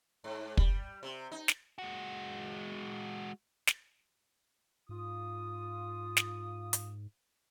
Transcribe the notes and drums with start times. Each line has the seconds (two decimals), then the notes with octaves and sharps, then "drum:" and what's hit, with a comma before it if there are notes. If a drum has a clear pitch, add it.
0.24 G#2
0.57 G3, drum: kick
1.03 C3
1.32 D#4
1.48 drum: snare
1.78 G#3 F#4
3.67 drum: snare
4.89 G#2 F4 D#6
6.17 drum: snare
6.73 drum: hi-hat